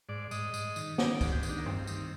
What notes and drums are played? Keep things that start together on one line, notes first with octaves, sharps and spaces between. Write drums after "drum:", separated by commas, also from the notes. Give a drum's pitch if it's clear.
G#2 D5
G#2 D#5, drum: tambourine
G#2, drum: tambourine
D#3, drum: tambourine
D#3 D5, drum: snare
D5
G#2, drum: kick, tambourine
G4
D#3, drum: tambourine
D4
A#3
G2 C4, drum: tom F#2
D#3, drum: tambourine